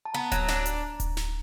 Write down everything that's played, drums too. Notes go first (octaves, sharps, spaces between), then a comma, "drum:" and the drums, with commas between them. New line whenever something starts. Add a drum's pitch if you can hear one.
A5
B3 A#5
F#3, drum: kick D1, hi-hat
D4, drum: snare
drum: hi-hat
drum: kick D1, hi-hat
drum: snare